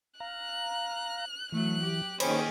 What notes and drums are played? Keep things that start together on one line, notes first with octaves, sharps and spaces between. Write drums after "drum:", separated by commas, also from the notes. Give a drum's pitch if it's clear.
F5 A#5 F#6
E3 F#3 A3 F#6
G4
D#3 A#3 C#4 G4 G#4 C5 C#5 B5, drum: cymbal